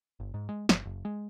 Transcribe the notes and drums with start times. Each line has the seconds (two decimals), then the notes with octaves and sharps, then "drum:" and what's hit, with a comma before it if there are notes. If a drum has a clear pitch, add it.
0.20 G1
0.34 G#2
0.49 G#3
0.69 G1, drum: snare
0.86 F#1
1.05 G#3